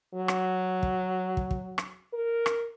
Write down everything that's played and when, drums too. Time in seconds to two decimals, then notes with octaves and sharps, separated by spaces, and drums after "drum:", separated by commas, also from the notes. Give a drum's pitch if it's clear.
0.15 F#3
0.28 drum: rim click
0.83 drum: kick
1.37 drum: kick
1.51 drum: kick
1.78 drum: rim click
2.14 A#4
2.46 drum: rim click